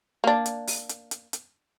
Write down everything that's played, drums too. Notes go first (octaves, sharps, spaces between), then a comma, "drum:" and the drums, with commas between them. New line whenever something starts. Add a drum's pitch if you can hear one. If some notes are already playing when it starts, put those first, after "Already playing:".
A#3 D4
drum: hi-hat
drum: open hi-hat
drum: hi-hat
drum: hi-hat
drum: hi-hat